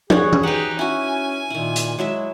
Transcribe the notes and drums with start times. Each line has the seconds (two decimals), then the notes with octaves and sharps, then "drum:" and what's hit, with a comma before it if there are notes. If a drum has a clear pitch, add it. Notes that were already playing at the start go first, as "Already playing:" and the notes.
0.10 G3 F#4 G#4 C#5, drum: tom
0.33 drum: tom E3
0.43 D#4 G4 B4 F#5
0.79 C#4 E4 F#4 G#5
1.50 A#2 D#3 E4
1.76 drum: hi-hat
1.99 F#3 G#3 E4 E5